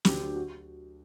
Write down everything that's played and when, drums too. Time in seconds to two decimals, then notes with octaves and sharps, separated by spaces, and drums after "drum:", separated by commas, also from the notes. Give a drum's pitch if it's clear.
0.05 D2 G4, drum: snare
0.20 D3 F#3
0.36 F#4